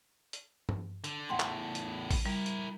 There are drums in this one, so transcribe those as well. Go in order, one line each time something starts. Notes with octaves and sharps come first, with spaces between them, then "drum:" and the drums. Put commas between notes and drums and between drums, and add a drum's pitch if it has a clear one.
drum: hi-hat
drum: tom G2
D3, drum: hi-hat
E2 A2 F#5 G5 C6
drum: clap
drum: hi-hat
drum: kick A1, open hi-hat
G3 E4 A#4
drum: hi-hat